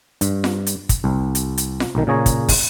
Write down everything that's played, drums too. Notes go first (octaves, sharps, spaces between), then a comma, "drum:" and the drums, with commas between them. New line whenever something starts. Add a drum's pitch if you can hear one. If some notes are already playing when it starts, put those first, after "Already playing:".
G2, drum: hi-hat
drum: snare F4
drum: hi-hat
drum: kick, hi-hat
C2
drum: hi-hat
drum: hi-hat
drum: snare F4
B1 D#3
A#2 C#3 G#4 C#5 A#5
drum: kick, hi-hat
drum: kick, open hi-hat